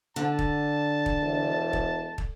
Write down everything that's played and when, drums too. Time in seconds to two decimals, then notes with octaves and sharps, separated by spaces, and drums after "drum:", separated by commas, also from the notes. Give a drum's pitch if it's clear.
0.16 D3 A5
0.39 drum: kick
1.06 drum: kick
1.21 E1
1.73 drum: kick
2.18 drum: kick